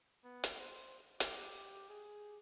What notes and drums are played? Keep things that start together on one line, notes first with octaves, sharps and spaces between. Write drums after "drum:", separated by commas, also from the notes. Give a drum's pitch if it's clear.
B3
drum: hi-hat
C5
G4, drum: hi-hat
G#4